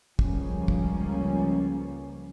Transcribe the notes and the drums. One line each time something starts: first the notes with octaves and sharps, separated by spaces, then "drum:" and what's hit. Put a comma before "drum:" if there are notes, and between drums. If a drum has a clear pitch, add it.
C#2 C#3 F3 G3 A#3 C#4, drum: kick
drum: kick